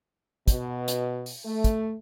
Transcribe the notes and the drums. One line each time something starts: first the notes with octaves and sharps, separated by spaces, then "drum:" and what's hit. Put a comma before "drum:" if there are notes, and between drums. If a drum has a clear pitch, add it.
B2, drum: kick, hi-hat
drum: hi-hat
drum: open hi-hat
A3
drum: kick, hi-hat